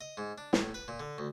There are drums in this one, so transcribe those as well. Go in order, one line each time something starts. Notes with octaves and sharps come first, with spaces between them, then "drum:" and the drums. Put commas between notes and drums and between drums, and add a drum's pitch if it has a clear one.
D#5
G#2
D4
A2, drum: snare
B4
A#2
D3
D2